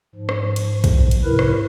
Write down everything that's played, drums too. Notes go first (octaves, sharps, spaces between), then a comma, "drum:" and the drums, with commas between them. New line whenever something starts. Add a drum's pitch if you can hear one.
G#2 F3
drum: rim click
drum: cymbal
drum: kick A#1, cymbal
drum: cymbal
G#2 C3 E4 A#4 B4
drum: rim click